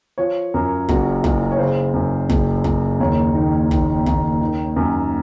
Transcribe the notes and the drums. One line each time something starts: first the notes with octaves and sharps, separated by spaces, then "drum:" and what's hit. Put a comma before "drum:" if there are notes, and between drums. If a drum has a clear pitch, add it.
F3 C#5
F#2 A#4
F#1 F#4, drum: kick
F#1, drum: kick
C#5
C#3 C5
F#2
F#1, drum: kick
F#1, drum: kick
D#2 C#5
D#3
D#3, drum: kick
D#2, drum: kick
D#3
F#2